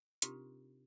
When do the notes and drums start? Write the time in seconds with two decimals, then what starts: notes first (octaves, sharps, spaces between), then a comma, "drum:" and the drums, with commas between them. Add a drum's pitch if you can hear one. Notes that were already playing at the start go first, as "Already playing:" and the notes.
0.22 C3 C4 D4 D#4 F4 G4, drum: hi-hat